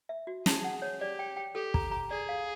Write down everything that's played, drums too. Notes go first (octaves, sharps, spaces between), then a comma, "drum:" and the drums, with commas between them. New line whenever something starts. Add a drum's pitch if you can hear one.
E5
F#4
G#4 A5, drum: snare
F#5
C#5
G4 D5
G5
G5
G4 A4
A#5, drum: kick
A#5
G#4 D5
F5